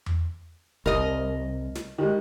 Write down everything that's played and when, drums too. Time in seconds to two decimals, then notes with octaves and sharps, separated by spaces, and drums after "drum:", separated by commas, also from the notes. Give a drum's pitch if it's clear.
0.06 drum: tom E2
0.86 C2 A#4 D#5, drum: kick
1.75 drum: snare
1.98 D#3 G3 G#3